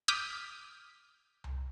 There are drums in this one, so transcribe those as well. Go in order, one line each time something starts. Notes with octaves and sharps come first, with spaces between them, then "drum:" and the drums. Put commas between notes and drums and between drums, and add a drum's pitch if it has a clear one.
D6 D#6 F6 G6 B6
drum: tom C2